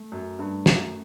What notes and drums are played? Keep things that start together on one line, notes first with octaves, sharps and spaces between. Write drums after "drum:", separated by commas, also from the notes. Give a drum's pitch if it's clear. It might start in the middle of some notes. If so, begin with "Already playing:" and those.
Already playing: A3
F#2
G2 A3
F#2, drum: snare